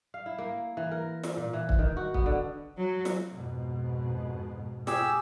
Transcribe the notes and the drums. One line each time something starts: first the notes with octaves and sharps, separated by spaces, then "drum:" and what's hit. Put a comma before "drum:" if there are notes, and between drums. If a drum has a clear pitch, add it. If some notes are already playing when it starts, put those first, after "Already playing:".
F5
E4
A#3
E3
A#4
drum: snare
A#2
E3
drum: kick C#1
D#3
F#4
B3, drum: kick C#1
D3
F#3
drum: snare
F2 G#2 B2
G4 G#4 E6, drum: snare